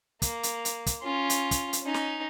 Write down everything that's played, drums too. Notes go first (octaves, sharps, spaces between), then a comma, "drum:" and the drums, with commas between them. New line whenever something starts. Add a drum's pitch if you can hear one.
A#3, drum: kick, hi-hat
drum: hi-hat
drum: hi-hat
drum: kick, hi-hat
C#4 F4
drum: hi-hat
drum: kick, hi-hat
drum: hi-hat
C#4 D#4
drum: snare